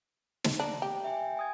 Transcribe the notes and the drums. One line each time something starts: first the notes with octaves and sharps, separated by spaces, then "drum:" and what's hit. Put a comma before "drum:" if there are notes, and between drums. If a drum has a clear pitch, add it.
drum: snare
D4 A#5
G4
E5 G5 G#5
G#5 D#6 G#6